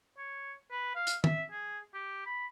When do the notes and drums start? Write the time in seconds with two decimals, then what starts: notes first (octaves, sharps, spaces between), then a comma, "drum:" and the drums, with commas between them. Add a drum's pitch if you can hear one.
0.18 C#5
0.71 B4
0.95 F5
1.07 drum: hi-hat
1.24 E5, drum: tom
1.52 G#4
1.94 G4
2.26 B5